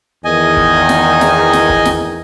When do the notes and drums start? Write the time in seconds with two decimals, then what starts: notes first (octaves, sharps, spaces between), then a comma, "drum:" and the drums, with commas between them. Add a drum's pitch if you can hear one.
0.25 E2 D#3 D#5 G#5
0.57 drum: kick
0.89 drum: snare
1.21 drum: snare
1.53 drum: snare
1.69 drum: kick
1.85 drum: snare